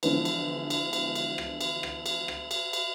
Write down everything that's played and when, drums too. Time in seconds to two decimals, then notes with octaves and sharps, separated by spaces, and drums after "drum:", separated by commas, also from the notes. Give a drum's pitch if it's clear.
0.03 D3 E3 F3 G#3 B3 D4, drum: cymbal
0.25 drum: cymbal
0.70 drum: cymbal
0.93 drum: cymbal
1.15 drum: cymbal
1.38 drum: rim click
1.61 drum: cymbal
1.83 drum: rim click
2.06 drum: cymbal
2.28 drum: rim click
2.51 drum: cymbal
2.73 drum: cymbal